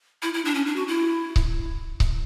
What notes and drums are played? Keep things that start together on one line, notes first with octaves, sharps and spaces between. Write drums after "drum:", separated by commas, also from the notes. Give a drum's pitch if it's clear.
E4
E4
D4
C#4
D4
F#4
E4
drum: kick C#1
drum: kick C#1